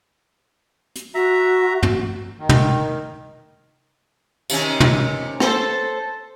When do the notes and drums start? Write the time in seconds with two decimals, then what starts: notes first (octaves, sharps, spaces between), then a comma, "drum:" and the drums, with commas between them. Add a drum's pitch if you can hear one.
0.96 drum: hi-hat
1.15 F#4 E5 A#5
1.83 drum: tom
2.38 D#3
2.49 drum: tom
4.50 C3 D#3 C#4, drum: tambourine
4.80 drum: tom
5.40 A4 C5, drum: rim click